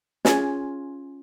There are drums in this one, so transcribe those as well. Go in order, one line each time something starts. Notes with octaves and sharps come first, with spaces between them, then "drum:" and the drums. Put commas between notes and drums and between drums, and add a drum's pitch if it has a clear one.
C#4 F4 G#4, drum: snare